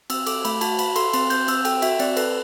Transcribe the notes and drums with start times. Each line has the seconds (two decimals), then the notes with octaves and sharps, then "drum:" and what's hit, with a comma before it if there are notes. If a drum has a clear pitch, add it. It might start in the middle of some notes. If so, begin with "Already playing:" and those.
0.10 C4 E6, drum: cymbal
0.26 A4 D6, drum: cymbal
0.45 A3 B5, drum: cymbal
0.61 F#4 A5, drum: cymbal
0.79 F#4 B5, drum: cymbal
0.96 A4 C6, drum: cymbal
1.13 C4 C6, drum: cymbal
1.30 C4 G6, drum: cymbal
1.48 C4 E6, drum: cymbal
1.65 A4 G5, drum: cymbal
1.82 F#4 E5, drum: cymbal
1.99 C4 D5, drum: cymbal
2.17 A4 B4, drum: cymbal